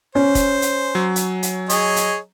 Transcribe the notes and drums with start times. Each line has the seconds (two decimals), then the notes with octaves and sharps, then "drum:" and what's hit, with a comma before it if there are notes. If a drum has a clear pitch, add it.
0.15 C#4 C5
0.35 drum: kick, hi-hat
0.62 drum: hi-hat
0.95 F#3
1.16 drum: hi-hat
1.43 drum: hi-hat
1.69 G#4 C#5 D#5, drum: hi-hat
1.96 drum: hi-hat